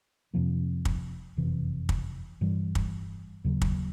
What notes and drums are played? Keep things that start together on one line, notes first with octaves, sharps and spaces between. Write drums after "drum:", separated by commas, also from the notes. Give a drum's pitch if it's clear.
F2 C3 F3 A#3
drum: kick
F#1 F2 C3 E3
drum: kick
G2 E3 G3
drum: kick
D#2 C#3 F#3
drum: kick